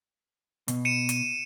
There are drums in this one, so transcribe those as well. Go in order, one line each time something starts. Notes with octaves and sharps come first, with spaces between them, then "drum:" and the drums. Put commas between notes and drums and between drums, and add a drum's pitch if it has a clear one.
B2, drum: hi-hat
C#7 D#7 E7
drum: hi-hat